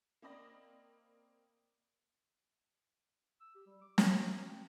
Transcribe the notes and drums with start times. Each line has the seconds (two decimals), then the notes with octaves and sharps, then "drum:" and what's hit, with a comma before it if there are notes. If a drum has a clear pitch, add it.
0.22 A#3 C4 D5 D#5 B5 A#6
3.41 E6
3.55 G4
3.67 G3
3.82 D6
3.98 D6, drum: snare
4.21 A3
4.35 F#4
4.49 G5